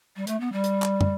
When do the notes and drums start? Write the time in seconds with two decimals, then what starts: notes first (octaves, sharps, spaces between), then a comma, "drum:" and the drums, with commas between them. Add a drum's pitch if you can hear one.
0.16 G3
0.27 A3, drum: hi-hat
0.40 B3
0.52 G3
0.64 drum: hi-hat
0.82 drum: clap
1.01 drum: tom